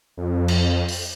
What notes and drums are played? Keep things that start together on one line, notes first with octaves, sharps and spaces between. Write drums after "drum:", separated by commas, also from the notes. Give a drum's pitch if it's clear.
F2
drum: cymbal
drum: open hi-hat